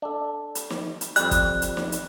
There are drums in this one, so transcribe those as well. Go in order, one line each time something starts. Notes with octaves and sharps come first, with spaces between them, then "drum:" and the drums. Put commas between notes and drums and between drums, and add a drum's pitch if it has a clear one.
D4 A4
drum: hi-hat
drum: snare
drum: hi-hat
F2 G3 F#6, drum: hi-hat
drum: kick, hi-hat
drum: hi-hat
drum: snare
drum: hi-hat